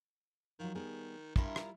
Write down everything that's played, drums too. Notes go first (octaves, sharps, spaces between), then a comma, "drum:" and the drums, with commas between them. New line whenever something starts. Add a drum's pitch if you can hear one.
D#3 F3 F#3
D#3 G3 B3 G#4
G2 G3 E4 F4 A#4, drum: kick
drum: rim click